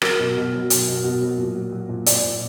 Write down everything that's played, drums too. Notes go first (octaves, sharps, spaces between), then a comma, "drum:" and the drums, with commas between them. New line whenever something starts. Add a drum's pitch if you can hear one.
F#3 A#4, drum: rim click
B2
B2
F#3
B2, drum: hi-hat
B2
B2
F#3
A#2
F#3
F#3
A#2
A#2 D5, drum: hi-hat
A#2